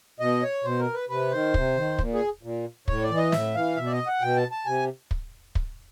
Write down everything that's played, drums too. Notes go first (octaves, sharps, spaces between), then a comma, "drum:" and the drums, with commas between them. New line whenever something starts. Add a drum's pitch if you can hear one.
B2 D#5
C#5
B2 C5
A#4
B4
C3 B4
D#3 C5
C3, drum: kick
D#3
A#2, drum: kick
G#4
A#2
A2 C#5, drum: kick
D5
E3
D#5
A2 E5, drum: snare
E3 F5
B2 E5
D5
D#5
F#5
B2 G5
A5
A5
C3 G#5
drum: kick
drum: kick